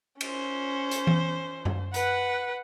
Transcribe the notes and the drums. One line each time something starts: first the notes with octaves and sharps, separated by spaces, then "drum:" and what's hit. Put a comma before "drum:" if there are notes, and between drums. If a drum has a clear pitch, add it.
C#4 C5, drum: cymbal
drum: hi-hat
drum: tom E3
drum: tom F#2
B4 F#5, drum: hi-hat